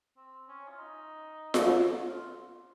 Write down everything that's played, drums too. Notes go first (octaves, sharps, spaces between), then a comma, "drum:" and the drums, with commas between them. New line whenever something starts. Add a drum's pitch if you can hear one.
C4
C#4
F4
D#4
drum: snare F4
F4